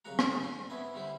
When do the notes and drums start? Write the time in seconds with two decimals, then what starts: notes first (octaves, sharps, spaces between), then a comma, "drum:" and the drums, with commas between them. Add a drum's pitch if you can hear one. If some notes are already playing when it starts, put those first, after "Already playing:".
0.05 C2 C#3 F#3 F#4 F#5 A#5
0.19 D2 G3 C#4 A4, drum: rim click
0.43 C6
0.70 B3 E4 G#5
0.94 D3 G3 E4 C5